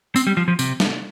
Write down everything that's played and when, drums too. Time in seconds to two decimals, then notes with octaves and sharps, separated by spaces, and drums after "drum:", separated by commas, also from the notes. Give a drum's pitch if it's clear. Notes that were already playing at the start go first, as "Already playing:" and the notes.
0.16 C4, drum: tambourine
0.27 G3
0.37 F3
0.48 F3
0.59 C3, drum: tambourine
0.80 drum: snare